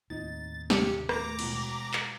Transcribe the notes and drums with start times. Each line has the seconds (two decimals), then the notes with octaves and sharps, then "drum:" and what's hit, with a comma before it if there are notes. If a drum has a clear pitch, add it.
0.10 D#2 A2 C4 D#4 A6
0.70 C3 G4 C#7, drum: snare
1.09 A3 A#5 D6 A#6, drum: rim click
1.39 E1 B2, drum: cymbal
1.93 drum: clap